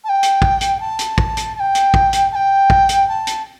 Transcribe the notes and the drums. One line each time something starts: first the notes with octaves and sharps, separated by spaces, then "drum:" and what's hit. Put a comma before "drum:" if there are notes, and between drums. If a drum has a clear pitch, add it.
A5
G5
drum: hi-hat
drum: kick
drum: hi-hat
A5
drum: hi-hat
drum: kick
drum: hi-hat
A5
G5
drum: hi-hat
drum: kick
drum: hi-hat
A5
G5
drum: kick
drum: hi-hat
A5
drum: hi-hat